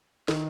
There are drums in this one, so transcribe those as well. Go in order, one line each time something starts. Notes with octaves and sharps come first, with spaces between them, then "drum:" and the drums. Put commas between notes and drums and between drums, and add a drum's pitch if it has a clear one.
D#3, drum: snare